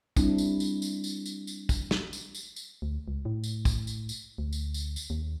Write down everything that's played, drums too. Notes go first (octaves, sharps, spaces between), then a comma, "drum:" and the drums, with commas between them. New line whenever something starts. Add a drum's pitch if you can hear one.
G3 C4 D4 E4, drum: kick, tambourine
drum: tambourine
drum: tambourine
drum: tambourine
drum: tambourine
drum: tambourine
drum: tambourine
drum: kick, tambourine
drum: snare
drum: tambourine
drum: tambourine
drum: tambourine
D2
C#2
A2
drum: tambourine
drum: kick, tambourine
drum: tambourine
drum: tambourine
D2
drum: tambourine
drum: tambourine
drum: tambourine
D#2